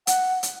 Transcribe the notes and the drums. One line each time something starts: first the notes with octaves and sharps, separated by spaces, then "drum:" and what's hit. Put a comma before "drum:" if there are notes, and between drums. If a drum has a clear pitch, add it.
F#5, drum: hi-hat
drum: hi-hat